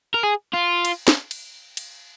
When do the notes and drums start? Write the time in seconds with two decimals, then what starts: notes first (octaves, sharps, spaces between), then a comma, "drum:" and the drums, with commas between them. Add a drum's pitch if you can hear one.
0.14 A#4
0.24 G#4
0.54 F4
0.85 drum: cymbal
1.08 drum: snare
1.31 drum: cymbal
1.77 drum: cymbal